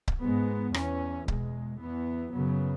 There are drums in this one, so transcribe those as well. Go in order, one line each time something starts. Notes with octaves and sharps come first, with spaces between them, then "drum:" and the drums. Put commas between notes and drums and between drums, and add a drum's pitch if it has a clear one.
drum: kick C#1
G#2 G#3 B3
E2 E3 C#4, drum: rim click
E2 B2 G#3, drum: kick C#1
E2 E3 B3
F#2 C#3 F#3 B3